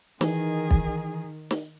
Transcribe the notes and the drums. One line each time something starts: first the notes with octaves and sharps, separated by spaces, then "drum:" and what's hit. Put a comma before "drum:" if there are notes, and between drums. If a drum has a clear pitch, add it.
D#3 E3 G#4, drum: snare
drum: kick
drum: snare